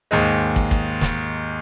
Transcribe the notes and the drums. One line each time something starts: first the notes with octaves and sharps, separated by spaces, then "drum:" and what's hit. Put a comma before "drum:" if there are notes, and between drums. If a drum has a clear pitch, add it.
D#2 G#2 G#3
drum: kick
drum: kick
drum: snare